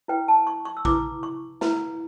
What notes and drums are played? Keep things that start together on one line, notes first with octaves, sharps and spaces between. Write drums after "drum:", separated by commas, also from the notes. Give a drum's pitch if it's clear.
E4 B4 G5
A5
C#6
C#6
E6
E4 B4 D6, drum: kick A#1
C#6
E4 B4, drum: snare